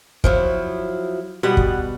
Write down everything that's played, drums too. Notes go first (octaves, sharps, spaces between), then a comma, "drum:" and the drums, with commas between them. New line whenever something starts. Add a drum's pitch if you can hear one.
F3 F#3 E4, drum: kick
B2 G3 B3 F#5
drum: kick